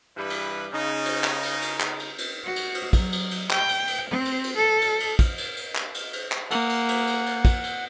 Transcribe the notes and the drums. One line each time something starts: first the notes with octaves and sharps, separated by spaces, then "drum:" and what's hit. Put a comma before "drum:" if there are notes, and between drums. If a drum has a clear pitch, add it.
G2 E3 G3 B4
drum: cymbal
C#3 D#4
drum: cymbal
drum: clap
drum: cymbal
drum: cymbal
drum: clap
drum: cymbal
drum: cymbal
F#4
drum: cymbal
drum: cymbal
F#3, drum: kick, cymbal
drum: cymbal
drum: cymbal
G5, drum: clap
drum: cymbal
drum: cymbal
C4
drum: cymbal
drum: cymbal
A4
drum: cymbal
drum: cymbal
drum: kick, cymbal
drum: cymbal
drum: cymbal
drum: clap
drum: cymbal
drum: cymbal
drum: clap
A#3 F#5, drum: cymbal
drum: cymbal
drum: cymbal
drum: cymbal
drum: cymbal
drum: kick, cymbal
drum: cymbal